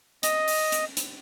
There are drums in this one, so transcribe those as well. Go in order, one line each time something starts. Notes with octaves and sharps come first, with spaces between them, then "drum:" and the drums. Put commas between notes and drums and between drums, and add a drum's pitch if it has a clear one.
D#5, drum: hi-hat
drum: open hi-hat
drum: hi-hat
drum: hi-hat